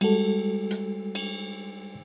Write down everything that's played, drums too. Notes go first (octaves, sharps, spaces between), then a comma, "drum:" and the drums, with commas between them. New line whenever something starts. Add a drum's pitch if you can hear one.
G3 G#3 F#4 A4, drum: cymbal
drum: hi-hat
drum: cymbal